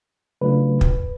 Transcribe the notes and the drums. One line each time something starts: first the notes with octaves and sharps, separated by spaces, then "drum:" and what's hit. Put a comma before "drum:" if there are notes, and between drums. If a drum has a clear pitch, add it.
C#3 F#3 A3 D4 F4 B4
drum: kick